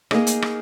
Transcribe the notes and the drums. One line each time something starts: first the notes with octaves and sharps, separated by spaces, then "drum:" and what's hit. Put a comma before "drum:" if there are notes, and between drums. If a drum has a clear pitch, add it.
A#3 D#4 G#4 D#5, drum: rim click
drum: hi-hat
drum: rim click